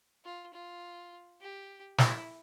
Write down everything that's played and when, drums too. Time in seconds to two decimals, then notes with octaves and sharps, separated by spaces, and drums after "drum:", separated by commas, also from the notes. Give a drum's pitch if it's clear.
0.25 F4
0.53 F4
1.41 G4
1.98 E4, drum: snare